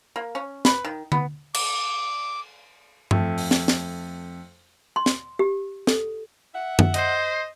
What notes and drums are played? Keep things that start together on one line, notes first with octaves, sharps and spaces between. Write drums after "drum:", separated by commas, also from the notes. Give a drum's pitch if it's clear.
A#3
C#4
B4, drum: snare
D#3
B3, drum: tom D3
D6, drum: cymbal
F2 A3, drum: tom G2
drum: open hi-hat
drum: snare
drum: snare
C6
drum: snare
G4
A4, drum: snare
E5 F#5
drum: tom F#2
C5 D#5, drum: hi-hat